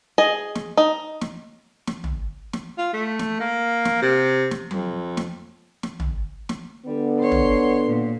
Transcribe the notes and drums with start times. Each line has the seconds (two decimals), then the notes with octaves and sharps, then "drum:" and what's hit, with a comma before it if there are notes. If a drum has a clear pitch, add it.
0.18 G#4 D#5
0.55 drum: snare
0.77 D#4
1.21 drum: snare
1.87 drum: snare
2.04 drum: tom
2.53 drum: snare
2.78 F4
2.93 A3
3.19 drum: snare
3.40 A#3
3.85 drum: snare
4.02 C3
4.51 drum: snare
4.71 F2, drum: tom F#3
5.17 drum: snare
5.83 drum: snare
6.00 drum: tom
6.49 drum: snare
6.86 D3 G3 B3
7.19 C#5 C6
7.32 drum: tom
7.87 A#2